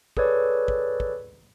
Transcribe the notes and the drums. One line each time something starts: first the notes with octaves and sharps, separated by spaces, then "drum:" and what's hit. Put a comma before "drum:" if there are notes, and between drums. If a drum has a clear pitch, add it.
G#4 A4 B4 C#5 D5, drum: kick
drum: kick
drum: kick